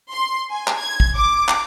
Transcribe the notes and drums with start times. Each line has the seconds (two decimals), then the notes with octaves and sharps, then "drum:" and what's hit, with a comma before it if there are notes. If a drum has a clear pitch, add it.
0.12 C6
0.51 G#5
0.68 drum: clap
0.80 G#6
1.00 drum: kick
1.16 D6
1.49 drum: clap